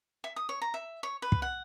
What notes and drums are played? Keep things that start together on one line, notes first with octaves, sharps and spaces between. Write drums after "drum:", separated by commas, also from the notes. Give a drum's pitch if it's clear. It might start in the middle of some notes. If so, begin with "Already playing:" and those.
E5
D#6
C#5
A#5
E5
C#5
B4
drum: kick
F#5